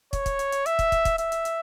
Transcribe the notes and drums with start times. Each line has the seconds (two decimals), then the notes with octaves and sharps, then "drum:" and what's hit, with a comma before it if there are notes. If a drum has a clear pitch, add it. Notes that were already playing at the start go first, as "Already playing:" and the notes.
0.13 C#5, drum: kick, hi-hat
0.26 drum: kick, hi-hat
0.39 drum: hi-hat
0.52 drum: hi-hat
0.66 E5, drum: hi-hat
0.79 drum: kick, hi-hat
0.92 drum: kick, hi-hat
1.05 drum: kick, hi-hat
1.18 E5, drum: hi-hat
1.32 drum: hi-hat
1.45 drum: hi-hat